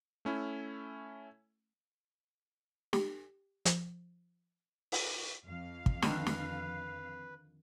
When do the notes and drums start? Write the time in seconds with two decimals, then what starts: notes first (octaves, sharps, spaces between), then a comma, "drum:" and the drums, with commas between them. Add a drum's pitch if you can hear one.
0.25 A3 C#4 E4
2.93 G4, drum: snare
3.65 F3, drum: hi-hat
4.92 drum: open hi-hat
5.47 F2 F5
5.86 drum: kick
6.02 D3 D#3 B4, drum: snare
6.27 drum: snare